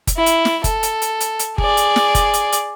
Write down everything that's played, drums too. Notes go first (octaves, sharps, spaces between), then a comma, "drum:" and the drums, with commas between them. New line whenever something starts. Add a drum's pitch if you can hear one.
drum: kick F#1, hi-hat
E4
drum: hi-hat
drum: snare
A4, drum: kick F#1, hi-hat
drum: hi-hat
drum: hi-hat
drum: hi-hat
drum: hi-hat
G#4 D5, drum: kick F#1
drum: hi-hat
drum: snare
drum: kick F#1, hi-hat
drum: hi-hat
drum: hi-hat